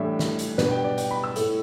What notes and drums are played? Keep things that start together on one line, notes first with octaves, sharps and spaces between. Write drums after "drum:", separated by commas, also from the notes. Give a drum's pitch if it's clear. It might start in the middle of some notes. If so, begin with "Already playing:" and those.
Already playing: A2 E3 G3 D4 E5
drum: snare
drum: hi-hat
B2 G3 D4 B4, drum: snare
G5
D5
G5, drum: hi-hat
B5
E6
A2 A3 E4, drum: hi-hat